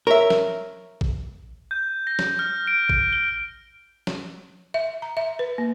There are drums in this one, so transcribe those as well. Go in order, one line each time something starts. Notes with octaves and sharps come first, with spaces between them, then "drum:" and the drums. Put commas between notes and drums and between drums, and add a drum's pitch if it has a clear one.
A#4 C#5 E5
drum: snare
drum: kick
G6
A#6
drum: snare
F6
D7
drum: kick
G7
drum: snare
E5
A#5
E5
B4
A#3